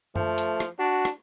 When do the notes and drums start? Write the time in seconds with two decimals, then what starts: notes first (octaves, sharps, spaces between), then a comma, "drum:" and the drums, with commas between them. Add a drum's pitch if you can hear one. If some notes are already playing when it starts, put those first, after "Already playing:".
0.16 F3 A3, drum: tom F#2
0.38 drum: hi-hat
0.60 drum: rim click
0.79 D4 F#4
1.05 drum: rim click